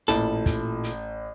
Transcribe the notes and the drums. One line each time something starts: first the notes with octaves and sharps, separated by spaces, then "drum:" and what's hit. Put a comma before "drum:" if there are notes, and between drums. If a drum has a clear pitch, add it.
A1 A#2 E4 A4, drum: hi-hat
drum: kick, hi-hat
drum: hi-hat